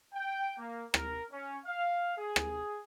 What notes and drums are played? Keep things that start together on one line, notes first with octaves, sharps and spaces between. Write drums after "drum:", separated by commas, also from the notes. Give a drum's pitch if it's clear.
G5
A#3
A#4, drum: rim click
C#4
F5
G#4
drum: rim click